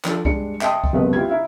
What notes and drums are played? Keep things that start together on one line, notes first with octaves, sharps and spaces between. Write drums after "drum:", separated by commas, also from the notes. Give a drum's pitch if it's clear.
F3 D4 F4 A4, drum: clap
G2 G#3 D4 C#7, drum: kick C2
D#5 E5 G5 A5 C6 D#6, drum: clap
drum: kick C2
F#1 C2 G#3 B3 B4 D#5
E4 F4 G4 G#6
D#4 E4 E5 F5